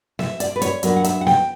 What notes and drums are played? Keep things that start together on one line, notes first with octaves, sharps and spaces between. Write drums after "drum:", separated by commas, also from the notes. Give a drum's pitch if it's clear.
E5, drum: snare B3
D5, drum: hi-hat
B4
C#5, drum: hi-hat
F#3 B3 D4 A#4, drum: hi-hat
F#5
E5, drum: hi-hat
F#5
G5, drum: snare B3